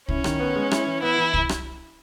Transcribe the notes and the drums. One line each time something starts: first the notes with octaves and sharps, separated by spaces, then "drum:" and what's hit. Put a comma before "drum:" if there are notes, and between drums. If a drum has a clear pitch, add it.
C#4 E4, drum: kick
D#3, drum: rim click
B3
G#3
E4, drum: rim click
E3
B3 E4
E3
drum: kick
drum: rim click